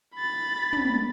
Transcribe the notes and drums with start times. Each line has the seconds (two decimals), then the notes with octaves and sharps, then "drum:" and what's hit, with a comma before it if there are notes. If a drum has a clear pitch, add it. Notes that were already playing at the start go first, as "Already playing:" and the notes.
0.15 B5 A6
0.73 drum: tom